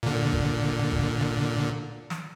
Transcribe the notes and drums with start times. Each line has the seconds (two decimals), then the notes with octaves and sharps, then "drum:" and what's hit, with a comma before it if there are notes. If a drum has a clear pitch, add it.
0.03 A#2 D3
0.33 drum: kick
0.92 drum: kick
2.10 drum: snare